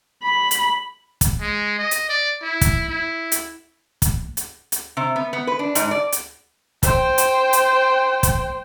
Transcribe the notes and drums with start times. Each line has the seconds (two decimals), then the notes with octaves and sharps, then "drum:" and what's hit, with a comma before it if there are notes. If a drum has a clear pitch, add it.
0.23 B5
0.51 drum: hi-hat
1.21 drum: kick, hi-hat
1.41 G#3
1.79 D#5
1.91 drum: hi-hat
2.09 D5
2.42 E4
2.61 drum: kick, hi-hat
2.89 E4
3.32 drum: hi-hat
4.02 drum: kick, hi-hat
4.37 drum: hi-hat
4.72 drum: hi-hat
4.97 C3
5.16 B3
5.33 B3
5.47 B4
5.59 D4
5.75 G#2, drum: hi-hat
5.91 D5
6.12 drum: hi-hat
6.83 C5 G5, drum: kick, hi-hat
7.18 drum: hi-hat
7.53 drum: hi-hat
8.23 drum: kick, hi-hat